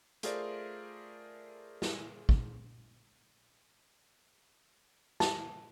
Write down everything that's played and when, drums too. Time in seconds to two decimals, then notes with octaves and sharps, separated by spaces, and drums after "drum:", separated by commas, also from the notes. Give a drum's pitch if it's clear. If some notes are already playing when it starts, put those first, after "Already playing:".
0.23 A3 F4 G#4 A#4 C5 D5, drum: hi-hat
1.82 drum: snare
2.29 drum: kick
5.20 A5, drum: snare